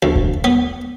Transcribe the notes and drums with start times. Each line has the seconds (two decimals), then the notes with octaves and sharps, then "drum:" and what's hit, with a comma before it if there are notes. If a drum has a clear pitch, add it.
0.03 D2
0.16 drum: kick D#2
0.44 B3